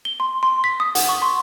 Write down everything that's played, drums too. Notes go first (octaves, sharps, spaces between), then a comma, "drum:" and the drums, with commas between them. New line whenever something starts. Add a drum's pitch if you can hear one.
G7
C6
C6
B6
D#6
F#5, drum: hi-hat
C#6
C6